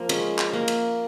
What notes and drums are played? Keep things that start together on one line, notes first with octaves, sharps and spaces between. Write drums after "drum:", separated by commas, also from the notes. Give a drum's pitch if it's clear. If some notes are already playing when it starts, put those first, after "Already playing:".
Already playing: F3 A#3
G#3 C#4, drum: cymbal
drum: clap
A#3
drum: cymbal